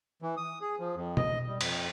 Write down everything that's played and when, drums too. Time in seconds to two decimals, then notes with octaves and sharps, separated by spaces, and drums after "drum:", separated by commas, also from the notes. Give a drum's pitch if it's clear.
0.22 E3
0.37 D#6
0.61 G#4
0.79 F3
0.96 F2
1.17 D#5, drum: tom B2
1.47 G3
1.61 F2, drum: cymbal